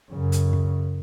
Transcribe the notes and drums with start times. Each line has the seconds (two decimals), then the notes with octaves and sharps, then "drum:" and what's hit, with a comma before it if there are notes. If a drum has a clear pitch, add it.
0.11 F#2 C#3
0.32 drum: hi-hat
0.53 drum: kick